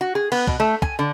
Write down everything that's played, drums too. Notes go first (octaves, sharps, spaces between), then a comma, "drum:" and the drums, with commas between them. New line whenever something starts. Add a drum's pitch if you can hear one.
F#4
G#4
B3, drum: cymbal
B2, drum: kick
A3
G#5, drum: kick
D3